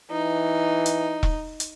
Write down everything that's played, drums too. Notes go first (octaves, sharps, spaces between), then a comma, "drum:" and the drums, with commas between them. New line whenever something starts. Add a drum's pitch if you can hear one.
E3 D#4
drum: hi-hat
drum: kick E1
drum: hi-hat